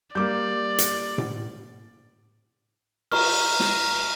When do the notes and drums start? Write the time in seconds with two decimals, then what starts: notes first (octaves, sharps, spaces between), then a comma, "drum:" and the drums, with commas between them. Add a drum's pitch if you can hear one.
0.15 G3 A#3 D5 D6 G6
0.78 drum: hi-hat
1.18 drum: tom A2
3.12 A#5 C#6 F6, drum: cymbal
3.60 drum: snare